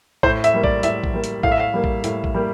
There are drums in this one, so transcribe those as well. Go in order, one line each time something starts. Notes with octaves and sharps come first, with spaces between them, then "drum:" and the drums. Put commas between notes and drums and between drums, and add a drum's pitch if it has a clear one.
A2 C5, drum: kick A#1
E5, drum: hi-hat
G3 A#3
D5, drum: kick A#1
A2 E5, drum: hi-hat
drum: kick A#1
G3 A#3
drum: hi-hat
A2 F5, drum: kick A#1
E5
F5
G3 A#3
drum: kick A#1
A2, drum: hi-hat
drum: kick A#1
G3 A#3